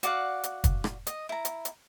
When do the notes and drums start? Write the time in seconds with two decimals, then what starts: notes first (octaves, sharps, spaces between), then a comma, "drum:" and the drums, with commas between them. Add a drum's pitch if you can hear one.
0.03 F#4 D5 F5 F#5, drum: hi-hat
0.43 drum: hi-hat
0.64 drum: kick, hi-hat
0.84 drum: rim click
1.07 D#5, drum: hi-hat
1.29 E4 A#5
1.45 drum: hi-hat
1.65 drum: hi-hat